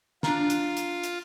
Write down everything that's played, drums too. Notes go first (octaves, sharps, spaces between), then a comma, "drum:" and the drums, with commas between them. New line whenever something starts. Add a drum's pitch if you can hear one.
D4 F4 A#5, drum: snare
drum: hi-hat
drum: hi-hat
drum: hi-hat